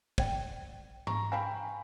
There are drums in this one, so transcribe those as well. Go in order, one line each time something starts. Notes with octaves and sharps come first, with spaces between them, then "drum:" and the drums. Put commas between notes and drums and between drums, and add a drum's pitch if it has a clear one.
D5 G5, drum: kick
A#5 C#6, drum: tom G#2
F5 G5 G#5 B5